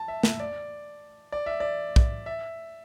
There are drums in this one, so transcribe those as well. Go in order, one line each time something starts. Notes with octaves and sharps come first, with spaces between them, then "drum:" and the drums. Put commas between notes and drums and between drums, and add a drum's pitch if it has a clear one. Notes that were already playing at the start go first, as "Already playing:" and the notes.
Already playing: A5
E5
E5, drum: snare
D5
D5
E5
D5
drum: kick B1
E5